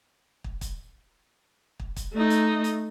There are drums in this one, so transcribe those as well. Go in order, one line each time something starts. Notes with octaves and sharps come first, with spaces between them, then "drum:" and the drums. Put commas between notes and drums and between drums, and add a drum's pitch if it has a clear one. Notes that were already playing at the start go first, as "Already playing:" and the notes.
drum: kick
drum: kick, hi-hat
drum: kick
drum: kick, hi-hat
A3 D#4
drum: hi-hat
drum: hi-hat